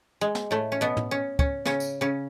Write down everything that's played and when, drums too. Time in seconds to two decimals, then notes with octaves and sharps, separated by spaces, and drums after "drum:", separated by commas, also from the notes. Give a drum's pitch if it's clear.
0.21 G#3
0.35 drum: snare
0.51 A2 A3
0.72 C#4
0.81 B2 B3
0.97 drum: tom
1.11 C#4
1.39 C#4, drum: kick
1.65 C#3 C#4, drum: snare
1.80 drum: tambourine
2.01 C#3 C#4